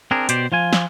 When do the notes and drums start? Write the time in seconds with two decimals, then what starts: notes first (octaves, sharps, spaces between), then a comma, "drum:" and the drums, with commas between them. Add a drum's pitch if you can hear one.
0.11 C4 D4 G#4 A#4
0.29 B2 G4 C5 D5, drum: hi-hat
0.52 F3 F4 G#5
0.73 drum: snare